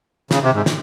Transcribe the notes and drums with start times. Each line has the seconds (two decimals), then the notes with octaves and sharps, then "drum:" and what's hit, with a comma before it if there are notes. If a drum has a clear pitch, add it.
0.31 C#3, drum: snare
0.43 C3
0.54 G#2
0.66 drum: snare